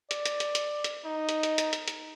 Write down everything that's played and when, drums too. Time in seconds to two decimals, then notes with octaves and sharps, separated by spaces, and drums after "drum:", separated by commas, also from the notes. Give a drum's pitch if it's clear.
0.11 D5, drum: hi-hat
0.26 drum: hi-hat
0.40 drum: hi-hat
0.55 drum: hi-hat
0.84 drum: hi-hat
1.05 D#4
1.29 drum: hi-hat
1.43 drum: hi-hat
1.58 drum: hi-hat
1.73 drum: hi-hat
1.88 drum: hi-hat